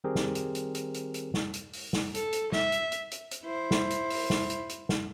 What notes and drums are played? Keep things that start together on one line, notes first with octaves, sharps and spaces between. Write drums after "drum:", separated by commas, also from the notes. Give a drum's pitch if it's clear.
D#3 G3 C4 G4 G#4 A#4
drum: snare
drum: hi-hat
drum: hi-hat
drum: hi-hat
drum: hi-hat
drum: hi-hat
drum: snare
drum: hi-hat
drum: open hi-hat
drum: snare
A4, drum: hi-hat
drum: hi-hat
E5, drum: snare
drum: hi-hat
drum: hi-hat
drum: hi-hat
drum: hi-hat
E4 C5
drum: snare
drum: hi-hat
drum: open hi-hat
drum: snare
drum: hi-hat
drum: hi-hat
drum: snare